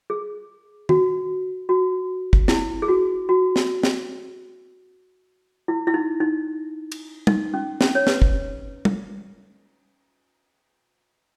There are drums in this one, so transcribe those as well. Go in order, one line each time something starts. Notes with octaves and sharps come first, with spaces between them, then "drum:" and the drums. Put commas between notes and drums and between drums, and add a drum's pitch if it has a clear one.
G#4
F#4, drum: tom D#3
F#4
drum: kick
E4, drum: snare
G#4
F#4
F#4
drum: snare
drum: snare
E4
E4
D#4
D#4
drum: cymbal
D#4, drum: tom
C#4
C#4, drum: snare
C#5
B4, drum: snare
drum: kick
drum: tom